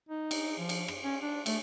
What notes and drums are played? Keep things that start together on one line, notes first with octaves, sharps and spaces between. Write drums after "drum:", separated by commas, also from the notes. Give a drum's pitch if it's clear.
D#4
drum: cymbal
F3
drum: cymbal
drum: rim click
C#4
D4
A3, drum: cymbal